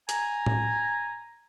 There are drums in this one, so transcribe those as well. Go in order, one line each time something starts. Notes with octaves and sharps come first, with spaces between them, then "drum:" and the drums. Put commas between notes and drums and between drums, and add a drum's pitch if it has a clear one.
G#5 A#5, drum: hi-hat
drum: tom A2